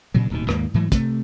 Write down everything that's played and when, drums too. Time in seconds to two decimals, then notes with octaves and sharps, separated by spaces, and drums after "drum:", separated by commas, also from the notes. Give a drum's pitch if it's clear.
0.14 G2 A#2 C#3 F#3
0.31 D1 D#2 B2 D#3
0.49 D#2 G#2 A#3, drum: rim click
0.74 G#2 E3 F#3 A3
0.92 C3 A3, drum: kick, hi-hat